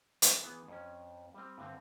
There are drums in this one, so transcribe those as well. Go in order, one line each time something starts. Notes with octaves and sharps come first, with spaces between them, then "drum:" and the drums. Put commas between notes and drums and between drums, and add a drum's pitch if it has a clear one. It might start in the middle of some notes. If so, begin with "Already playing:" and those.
A4 B4 C#5 E5 G5 G#5, drum: hi-hat
E3 B3 G#4
F2 C#4
G3 C4
G2 D3 C4